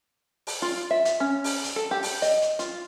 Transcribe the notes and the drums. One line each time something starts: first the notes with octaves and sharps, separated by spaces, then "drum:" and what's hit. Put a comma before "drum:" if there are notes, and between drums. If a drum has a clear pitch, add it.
drum: open hi-hat
F4
E5
drum: hi-hat
C#4
drum: open hi-hat
drum: hi-hat
A4
G4
drum: open hi-hat
D#5, drum: hi-hat
drum: hi-hat
F4, drum: hi-hat